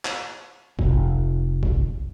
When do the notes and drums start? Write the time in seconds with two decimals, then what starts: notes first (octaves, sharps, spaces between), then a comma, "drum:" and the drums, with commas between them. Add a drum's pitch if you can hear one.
0.05 drum: clap
0.79 F1, drum: kick A#1
1.63 drum: kick A#1